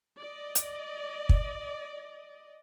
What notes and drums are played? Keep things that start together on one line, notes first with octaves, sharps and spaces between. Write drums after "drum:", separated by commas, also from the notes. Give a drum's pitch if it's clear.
D5 D#5
drum: hi-hat
drum: kick